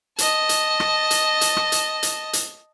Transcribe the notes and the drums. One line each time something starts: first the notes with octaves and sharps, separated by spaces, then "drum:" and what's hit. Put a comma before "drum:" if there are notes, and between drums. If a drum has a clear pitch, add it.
D#5 A5, drum: hi-hat
drum: hi-hat
drum: rim click
drum: hi-hat
drum: hi-hat
drum: rim click
drum: hi-hat
drum: hi-hat
drum: hi-hat